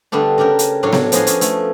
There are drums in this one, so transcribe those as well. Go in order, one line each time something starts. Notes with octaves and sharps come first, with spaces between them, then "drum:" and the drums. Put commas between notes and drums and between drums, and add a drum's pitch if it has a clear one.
D3 G3 A3 B3 D4
C#3 D4 G4 A#4
drum: hi-hat
A2 F#3 D4 C#5 F5
drum: snare B3
F3 B3 D4 G#4 D#5 F5, drum: hi-hat
C#4, drum: hi-hat
A3, drum: hi-hat